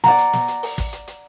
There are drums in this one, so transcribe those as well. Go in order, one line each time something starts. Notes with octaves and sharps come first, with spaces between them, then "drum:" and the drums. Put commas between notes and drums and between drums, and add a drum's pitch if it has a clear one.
D5 F#5 A#5, drum: snare
drum: hi-hat
drum: snare
drum: hi-hat
drum: open hi-hat
drum: kick, hi-hat
drum: hi-hat
drum: hi-hat